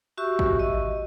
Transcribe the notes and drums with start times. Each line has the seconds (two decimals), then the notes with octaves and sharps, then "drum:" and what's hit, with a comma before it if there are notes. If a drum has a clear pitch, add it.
0.18 F#4 G4 E5 C#6 E6
0.39 drum: kick A1
0.60 D#5